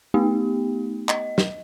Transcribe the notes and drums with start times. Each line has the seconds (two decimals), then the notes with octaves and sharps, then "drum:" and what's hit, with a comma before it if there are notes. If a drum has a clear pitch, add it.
0.14 A3 B3 D#4 G4
1.09 D#5, drum: clap
1.38 drum: snare